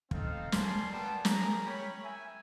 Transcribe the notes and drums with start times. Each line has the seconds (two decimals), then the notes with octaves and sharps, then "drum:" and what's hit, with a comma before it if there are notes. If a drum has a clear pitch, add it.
0.11 C4 D#4 A4 F5, drum: kick
0.52 G3 A#4 G#5 A5 C6, drum: snare
0.92 G3 B3 G5 A5
1.25 G#4 A#4 A#5, drum: snare
1.65 C#4 C#5 G5 B5
2.04 E5 G#5